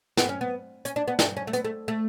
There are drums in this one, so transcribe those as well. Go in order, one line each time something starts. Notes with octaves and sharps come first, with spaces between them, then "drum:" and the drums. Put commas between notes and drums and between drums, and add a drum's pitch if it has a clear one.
B3, drum: snare
C#4
B3
C#4, drum: hi-hat
D4
B3
D4, drum: snare
C#4
A3
B3, drum: hi-hat
A3
A3